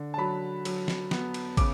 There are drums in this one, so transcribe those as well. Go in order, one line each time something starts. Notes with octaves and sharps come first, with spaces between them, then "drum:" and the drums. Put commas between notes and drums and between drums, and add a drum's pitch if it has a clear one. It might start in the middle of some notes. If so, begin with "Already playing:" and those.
Already playing: D3
A5
F#3 B5
F#3, drum: cymbal
drum: snare
B3, drum: snare
drum: cymbal
C#3 D6, drum: kick, cymbal